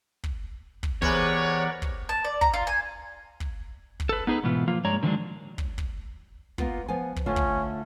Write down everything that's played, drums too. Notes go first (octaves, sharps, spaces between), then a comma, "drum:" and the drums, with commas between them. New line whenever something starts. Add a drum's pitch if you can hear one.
drum: kick
drum: kick
E2 C3 G#4 A#4 B4 C#5 D5 F#5, drum: kick
drum: kick
A5
D5
A#5, drum: kick
F4
G#5
drum: kick
drum: kick
A4 B4
B3 D#4 G#4 A4 B4
G#2 B2 E3 B3 F4
F3 A#3 F4
G2 G#3 C#5 D5 A#5
D3 D#3 F3 F#3 G#3 D4
drum: kick
drum: kick
A#3 B3 F4, drum: kick
F3 B3 G#5
drum: kick
D3 A3 C#4 F4
drum: kick